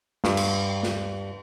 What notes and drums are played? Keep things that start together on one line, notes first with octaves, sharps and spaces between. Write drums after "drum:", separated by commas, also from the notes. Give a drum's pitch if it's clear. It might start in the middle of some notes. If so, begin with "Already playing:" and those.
G2, drum: snare
drum: cymbal
drum: snare